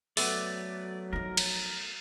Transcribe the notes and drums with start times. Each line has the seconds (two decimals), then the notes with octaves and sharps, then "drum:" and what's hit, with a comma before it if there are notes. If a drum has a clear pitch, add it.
0.17 F#3 A3 B3 D5, drum: open hi-hat
1.13 F3 D#4 A#4
1.37 drum: cymbal